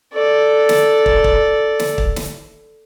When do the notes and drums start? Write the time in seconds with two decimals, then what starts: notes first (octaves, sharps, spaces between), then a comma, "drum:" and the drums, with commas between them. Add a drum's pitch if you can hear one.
0.14 A4 D5
0.69 drum: snare
1.06 drum: kick
1.24 drum: kick
1.79 drum: snare
1.98 drum: kick
2.16 drum: snare